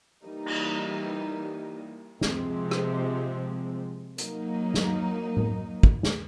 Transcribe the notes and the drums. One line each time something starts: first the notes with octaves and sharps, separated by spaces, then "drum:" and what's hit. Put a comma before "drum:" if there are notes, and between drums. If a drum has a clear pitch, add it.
E3 G3 A#3 D#4
drum: cymbal
C3 F3 G#3 C4, drum: snare
drum: rim click
F#3 A#3 D#4, drum: hi-hat
drum: snare
drum: tom A2
drum: kick
drum: snare